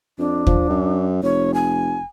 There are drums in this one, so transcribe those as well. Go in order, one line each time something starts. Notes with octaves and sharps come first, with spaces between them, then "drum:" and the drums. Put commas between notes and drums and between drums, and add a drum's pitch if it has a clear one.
F2 D4
F3, drum: kick
F#2
F1 C#5
G#5